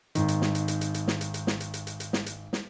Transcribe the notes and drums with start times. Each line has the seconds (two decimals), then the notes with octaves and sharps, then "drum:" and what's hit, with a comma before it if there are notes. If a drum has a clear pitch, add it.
0.15 G#1 D#3, drum: hi-hat
0.28 drum: hi-hat
0.42 drum: snare
0.55 drum: hi-hat
0.68 drum: hi-hat
0.81 drum: hi-hat
0.94 drum: hi-hat
1.08 drum: snare
1.21 drum: hi-hat
1.34 drum: hi-hat
1.47 drum: snare
1.60 drum: hi-hat
1.74 drum: hi-hat
1.87 drum: hi-hat
2.00 drum: hi-hat
2.13 drum: snare
2.26 drum: hi-hat
2.53 drum: snare